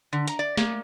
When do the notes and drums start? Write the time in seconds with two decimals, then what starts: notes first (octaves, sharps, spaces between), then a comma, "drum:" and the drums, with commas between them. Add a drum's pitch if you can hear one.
0.13 D3
0.28 A#5, drum: hi-hat
0.39 D5
0.57 A#3, drum: snare